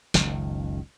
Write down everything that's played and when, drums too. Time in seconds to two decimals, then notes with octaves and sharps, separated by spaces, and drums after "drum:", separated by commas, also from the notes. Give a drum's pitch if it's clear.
0.14 F#1 C#2 D#3, drum: snare